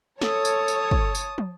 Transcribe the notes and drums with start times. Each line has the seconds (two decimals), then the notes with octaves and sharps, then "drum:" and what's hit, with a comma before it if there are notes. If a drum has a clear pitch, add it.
0.21 A4 C#5 A5 D#6, drum: snare
0.45 drum: tambourine
0.68 drum: tambourine
0.91 drum: kick
1.15 drum: tambourine
1.38 drum: tom